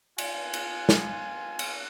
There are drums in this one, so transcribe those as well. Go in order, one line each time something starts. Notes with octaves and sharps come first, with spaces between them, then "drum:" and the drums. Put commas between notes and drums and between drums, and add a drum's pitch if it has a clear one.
F4 G#5, drum: cymbal
drum: cymbal
drum: snare
drum: cymbal